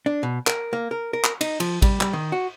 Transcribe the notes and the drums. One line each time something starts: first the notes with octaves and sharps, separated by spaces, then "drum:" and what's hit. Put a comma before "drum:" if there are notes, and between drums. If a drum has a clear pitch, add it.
D4
B2
A#4, drum: clap
A#3
A#4
A#4
drum: clap
D#4, drum: cymbal
F3, drum: cymbal
G3, drum: kick A1, cymbal
G3, drum: clap
D#3
F#4